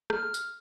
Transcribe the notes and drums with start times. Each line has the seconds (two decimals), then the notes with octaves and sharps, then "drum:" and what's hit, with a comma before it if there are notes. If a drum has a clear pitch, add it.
0.10 F6, drum: rim click
0.34 drum: tambourine